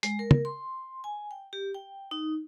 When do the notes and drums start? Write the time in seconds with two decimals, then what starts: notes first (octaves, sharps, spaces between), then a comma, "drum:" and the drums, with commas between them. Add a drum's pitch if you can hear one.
0.03 G#3, drum: hi-hat
0.19 A#4
0.31 drum: tom
0.45 C6
1.04 G#5
1.31 G5
1.53 G4
1.74 G5
2.11 D#4